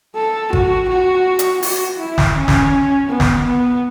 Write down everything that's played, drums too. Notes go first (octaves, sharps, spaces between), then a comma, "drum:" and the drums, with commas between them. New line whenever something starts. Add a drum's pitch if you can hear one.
A4
F#4, drum: kick G#1
F#4
drum: hi-hat
F#4, drum: open hi-hat
E4
drum: snare
C#4
drum: snare
B3
drum: snare
B3